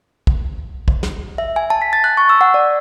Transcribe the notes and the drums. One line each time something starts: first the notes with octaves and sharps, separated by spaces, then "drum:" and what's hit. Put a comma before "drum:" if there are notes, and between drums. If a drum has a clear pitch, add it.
drum: kick
drum: kick
drum: snare
E5
G#5
A5
B6
A6
F#6
C#6
E6
F#5
D5